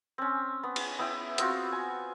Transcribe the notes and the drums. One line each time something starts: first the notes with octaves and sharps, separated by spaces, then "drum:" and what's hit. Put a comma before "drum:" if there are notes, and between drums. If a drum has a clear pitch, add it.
C4 C#4
B3
drum: cymbal
B3 E4 G5
B3 C4 F4 F#4, drum: hi-hat
G#5